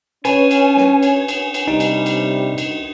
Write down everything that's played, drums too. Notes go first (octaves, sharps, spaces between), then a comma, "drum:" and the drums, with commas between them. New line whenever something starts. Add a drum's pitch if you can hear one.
C#4 B4 C#5 G#5, drum: cymbal
drum: cymbal
drum: snare
drum: cymbal
drum: cymbal
drum: cymbal
C3 G3 D#4
drum: cymbal
drum: cymbal
drum: cymbal